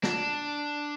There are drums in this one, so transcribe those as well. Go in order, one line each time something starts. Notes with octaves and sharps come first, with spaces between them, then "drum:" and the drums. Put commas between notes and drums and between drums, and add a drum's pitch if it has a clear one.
D4, drum: snare